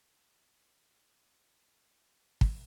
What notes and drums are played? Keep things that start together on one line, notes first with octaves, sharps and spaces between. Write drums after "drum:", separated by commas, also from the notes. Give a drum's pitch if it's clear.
F#3 D4 E4 F#4 G#4 C#5 D#5 C#6
drum: kick